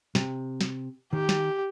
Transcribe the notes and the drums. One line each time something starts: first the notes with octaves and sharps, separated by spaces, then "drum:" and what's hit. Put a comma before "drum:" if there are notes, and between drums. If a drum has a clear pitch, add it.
C3, drum: snare
drum: snare
D#3 G4
drum: snare